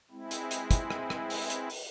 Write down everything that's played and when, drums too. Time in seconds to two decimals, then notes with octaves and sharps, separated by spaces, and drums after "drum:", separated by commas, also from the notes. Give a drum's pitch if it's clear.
0.11 G#3 C4 E4
0.31 drum: hi-hat
0.51 drum: hi-hat
0.71 drum: kick, hi-hat
0.90 drum: rim click
1.10 drum: rim click
1.30 drum: open hi-hat
1.50 drum: hi-hat
1.70 drum: open hi-hat